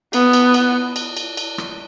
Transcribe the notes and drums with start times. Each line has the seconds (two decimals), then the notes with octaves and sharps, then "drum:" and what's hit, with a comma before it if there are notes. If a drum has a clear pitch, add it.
0.13 B3, drum: cymbal
0.33 drum: cymbal
0.54 drum: cymbal
0.96 drum: cymbal
1.17 drum: cymbal
1.37 drum: cymbal
1.58 drum: rim click